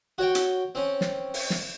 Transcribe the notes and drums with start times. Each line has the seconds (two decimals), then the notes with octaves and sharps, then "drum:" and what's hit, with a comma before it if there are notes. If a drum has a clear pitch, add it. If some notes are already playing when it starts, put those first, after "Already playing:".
0.18 F#4 C#5 G5
0.35 drum: hi-hat
0.75 C4 C#4
1.01 drum: snare
1.34 drum: open hi-hat
1.50 drum: snare